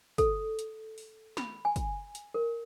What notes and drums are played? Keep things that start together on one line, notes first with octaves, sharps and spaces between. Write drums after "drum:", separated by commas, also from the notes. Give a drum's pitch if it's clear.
A4, drum: kick, hi-hat
drum: hi-hat
drum: open hi-hat
B5, drum: snare
G#5
drum: kick, hi-hat
drum: hi-hat
A#4